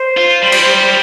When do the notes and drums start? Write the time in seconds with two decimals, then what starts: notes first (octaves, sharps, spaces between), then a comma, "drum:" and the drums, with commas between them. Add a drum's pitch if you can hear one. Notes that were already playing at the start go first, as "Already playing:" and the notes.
Already playing: C5
0.17 F4
0.42 G3
0.52 drum: cymbal